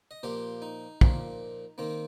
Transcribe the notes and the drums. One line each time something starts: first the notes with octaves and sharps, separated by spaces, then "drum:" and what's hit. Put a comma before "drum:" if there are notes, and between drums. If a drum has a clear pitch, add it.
D#5
A#2 F3 A#3 G4 C5
D#4
A#2 F3 A#3, drum: kick
D#3 A#3 C4